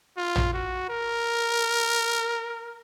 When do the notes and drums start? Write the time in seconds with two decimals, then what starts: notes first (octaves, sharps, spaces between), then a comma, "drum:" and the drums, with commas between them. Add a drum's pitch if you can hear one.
0.17 F4
0.36 drum: tom
0.54 F#4
0.89 A#4